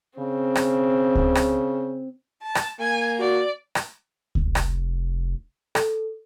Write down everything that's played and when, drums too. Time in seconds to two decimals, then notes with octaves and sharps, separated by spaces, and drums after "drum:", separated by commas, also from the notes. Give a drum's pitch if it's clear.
0.19 C#3 C4
0.55 drum: rim click
1.15 drum: kick C#2
1.35 drum: rim click
2.43 A5
2.55 drum: rim click
2.79 A#3 G#5
3.19 F#4 D5
3.75 drum: rim click
4.35 drum: kick C#2
4.45 F1
4.55 drum: rim click
5.75 A4, drum: rim click